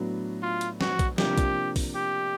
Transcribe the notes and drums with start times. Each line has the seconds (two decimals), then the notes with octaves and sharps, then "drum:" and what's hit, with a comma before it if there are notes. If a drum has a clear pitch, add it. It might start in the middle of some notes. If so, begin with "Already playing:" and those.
Already playing: A2 F#3 B3 D4 F#4
0.42 F4
0.61 drum: hi-hat
0.81 F#4, drum: snare
0.99 drum: kick, hi-hat
1.18 C3 F3 A#3 D4 G4, drum: snare
1.38 drum: kick, hi-hat
1.76 drum: kick, open hi-hat
1.95 G4